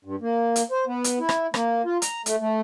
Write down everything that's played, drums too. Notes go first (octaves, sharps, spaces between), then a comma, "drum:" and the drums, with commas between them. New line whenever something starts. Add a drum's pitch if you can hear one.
G2
A#3
drum: hi-hat
C5
B3
drum: hi-hat
E4
drum: rim click
A#3, drum: rim click
F4
A#5, drum: hi-hat
A3, drum: hi-hat
A3